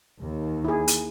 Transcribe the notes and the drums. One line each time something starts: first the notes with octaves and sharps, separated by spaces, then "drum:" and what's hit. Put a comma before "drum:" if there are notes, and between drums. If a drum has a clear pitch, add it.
D#2
E4 G#4
drum: hi-hat